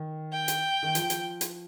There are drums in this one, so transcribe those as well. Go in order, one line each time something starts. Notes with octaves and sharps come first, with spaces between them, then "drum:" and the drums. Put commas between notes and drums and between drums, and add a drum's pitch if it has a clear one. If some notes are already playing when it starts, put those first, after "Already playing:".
Already playing: D#3
G5
drum: hi-hat
D#3
F3, drum: hi-hat
drum: hi-hat
drum: hi-hat